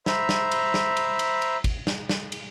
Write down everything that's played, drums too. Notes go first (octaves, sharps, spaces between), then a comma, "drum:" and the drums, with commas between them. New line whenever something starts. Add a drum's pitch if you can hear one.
C5 E5 A#5 B5, drum: snare
drum: snare
drum: cymbal
drum: snare
drum: cymbal
drum: cymbal
drum: cymbal
drum: kick, cymbal
drum: snare
drum: snare
drum: cymbal